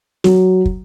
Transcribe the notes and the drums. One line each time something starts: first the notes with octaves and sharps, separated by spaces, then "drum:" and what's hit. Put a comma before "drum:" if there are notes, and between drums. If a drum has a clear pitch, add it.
F#3, drum: snare
drum: kick